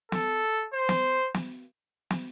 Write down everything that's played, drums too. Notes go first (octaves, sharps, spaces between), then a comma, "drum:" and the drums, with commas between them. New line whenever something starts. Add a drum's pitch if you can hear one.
A4, drum: snare
C5
drum: snare
drum: snare
drum: snare